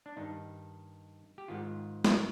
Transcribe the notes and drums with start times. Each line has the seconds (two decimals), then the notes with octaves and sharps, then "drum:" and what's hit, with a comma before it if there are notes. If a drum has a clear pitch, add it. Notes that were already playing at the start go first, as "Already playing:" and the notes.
0.06 D4
0.17 G2 D#3 D#4
1.38 G4
1.48 G#2 D#3 F4
2.04 drum: snare